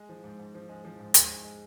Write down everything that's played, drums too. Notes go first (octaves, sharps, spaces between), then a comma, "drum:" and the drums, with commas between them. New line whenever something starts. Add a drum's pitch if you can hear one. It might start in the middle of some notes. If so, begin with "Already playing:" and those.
Already playing: G#3
F3
G#2
G#2
F3
G#3
F3
G#2
G#2, drum: hi-hat
G#3
G#3